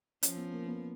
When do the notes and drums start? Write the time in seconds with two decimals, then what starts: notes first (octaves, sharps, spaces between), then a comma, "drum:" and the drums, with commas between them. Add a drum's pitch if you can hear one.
0.23 F3 C#4, drum: hi-hat
0.37 B3
0.53 A#3
0.68 B3